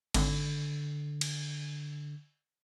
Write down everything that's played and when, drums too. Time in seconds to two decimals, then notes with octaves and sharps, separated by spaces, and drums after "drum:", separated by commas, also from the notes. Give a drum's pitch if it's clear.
0.14 G#1 D3, drum: cymbal
1.21 drum: cymbal